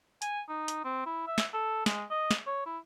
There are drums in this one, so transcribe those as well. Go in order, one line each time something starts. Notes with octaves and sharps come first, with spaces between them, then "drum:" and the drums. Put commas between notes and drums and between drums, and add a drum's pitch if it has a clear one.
G#5, drum: hi-hat
D#4
drum: hi-hat
C4
E4
E5
drum: snare
A4
G#3, drum: snare
D#5
drum: snare
C#5
E4